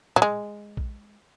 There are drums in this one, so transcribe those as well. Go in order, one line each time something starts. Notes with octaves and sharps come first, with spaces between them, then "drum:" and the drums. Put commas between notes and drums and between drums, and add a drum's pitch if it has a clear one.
F#3, drum: tom
G#3
drum: kick A#1